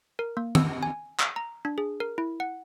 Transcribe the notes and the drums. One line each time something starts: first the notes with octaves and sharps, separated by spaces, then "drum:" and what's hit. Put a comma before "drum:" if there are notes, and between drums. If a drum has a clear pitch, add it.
A#4
A#3
E6, drum: tom
G#5
E6, drum: clap
A#5
D4
G#4
A#4
E4
F#5